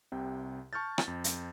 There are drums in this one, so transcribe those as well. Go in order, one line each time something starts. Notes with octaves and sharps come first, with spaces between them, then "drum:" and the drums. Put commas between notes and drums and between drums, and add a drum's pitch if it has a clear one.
C2 C3 G5
A5 C#6 F6 G6 A6
drum: rim click
F2
drum: hi-hat